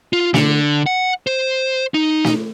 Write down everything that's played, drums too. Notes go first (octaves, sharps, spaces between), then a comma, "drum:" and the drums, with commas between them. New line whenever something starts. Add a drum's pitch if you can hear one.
F4
D3, drum: snare
F#5
C5
D#4
drum: snare